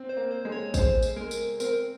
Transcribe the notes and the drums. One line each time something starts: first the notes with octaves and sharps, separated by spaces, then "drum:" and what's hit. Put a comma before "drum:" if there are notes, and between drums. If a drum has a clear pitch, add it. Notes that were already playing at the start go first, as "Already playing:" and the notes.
Already playing: C4
C5
A#3
C5
G#3
C#5
G#3 C5, drum: kick, tambourine
drum: tambourine
G#3 A#4
drum: tambourine
C4 A#4, drum: tambourine